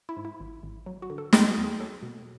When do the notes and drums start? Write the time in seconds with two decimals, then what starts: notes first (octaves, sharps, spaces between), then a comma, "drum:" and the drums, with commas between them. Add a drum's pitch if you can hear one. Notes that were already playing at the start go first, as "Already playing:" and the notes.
0.09 E4
0.17 G#2
0.25 E4
0.40 G#1
0.63 G#1
0.86 F#3
1.02 F#4
1.10 D3
1.18 A4
1.33 E2 G#4, drum: snare
1.49 F#4
1.57 E2
1.64 G#4
1.80 F#3 A4
2.02 B2